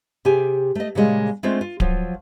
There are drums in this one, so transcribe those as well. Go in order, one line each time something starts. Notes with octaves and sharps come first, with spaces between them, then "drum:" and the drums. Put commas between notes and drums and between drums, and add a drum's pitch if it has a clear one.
C3 G4 G#4 G#5
A3 D#5
A#2 C#3 G3 G#3 D#5 F5
G#3 A3 C4 D4 F4
F4
F3 F#3 F4, drum: kick D1